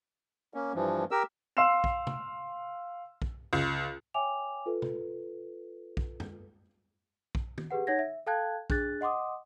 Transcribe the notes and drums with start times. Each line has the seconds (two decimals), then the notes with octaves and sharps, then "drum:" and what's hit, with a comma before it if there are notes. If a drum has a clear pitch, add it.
0.54 A#3 C#4
0.75 G2 E3 F3
1.11 G4 A#4 E6
1.57 F5 C6 E6 C7 E7
1.84 drum: kick A#1
2.07 drum: tom
3.22 drum: kick A#1
3.53 C#2
4.14 C#5 E5 G5 G#5 D6 F7
4.66 F4 A4 B4
4.82 drum: tom
5.97 drum: kick A#1
6.20 drum: tom F#2
7.35 drum: kick A#1
7.58 drum: tom
7.71 G4 G#4 B4 F#5
7.87 D#4 C#5 F#5 G#6 A#6
7.99 E5
8.27 A4 F5 G5 A5 F#6 G#6
8.70 D4 G#4 F#6 A6, drum: kick A#1
9.01 D#5 F#5 C6 D6 D#6